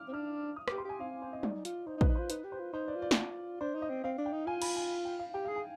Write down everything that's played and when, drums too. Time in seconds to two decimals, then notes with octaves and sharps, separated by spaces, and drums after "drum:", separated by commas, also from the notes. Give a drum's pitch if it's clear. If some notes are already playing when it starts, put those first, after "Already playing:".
Already playing: D6 F6
0.08 C4
0.13 D4 F6
0.56 D#6
0.68 G4 D6, drum: rim click
0.78 C6
0.85 G4 G#5
1.00 C4 F5
1.22 C5
1.33 D#5
1.43 D#4 D5, drum: tom F#3
1.65 F4, drum: hi-hat
1.87 D#4 C5
1.98 D#4
2.01 B4, drum: kick
2.09 D#4
2.15 F4 C5
2.30 D#4 B4, drum: hi-hat
2.44 G4
2.52 C5
2.59 F4
2.73 D#4 C5
2.88 D5
2.96 F4
3.02 D5
3.11 D#4, drum: snare
3.17 F4
3.61 D4 C5
3.75 D#4
3.82 D#5
3.90 C4
4.04 C4 F5
4.18 D4
4.26 G5
4.33 D#4
4.47 F4 G#5
4.62 B5, drum: cymbal
4.76 G#5
5.05 G5
5.19 F5
5.34 G4 G5
5.45 G#4 F5
5.56 G#5